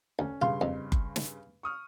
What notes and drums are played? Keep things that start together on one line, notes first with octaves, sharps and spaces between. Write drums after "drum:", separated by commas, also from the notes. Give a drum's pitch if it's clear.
D2 C#4
G2 C#3 F4 C6
F2
drum: kick F#1
drum: snare
C#6 D#6 F6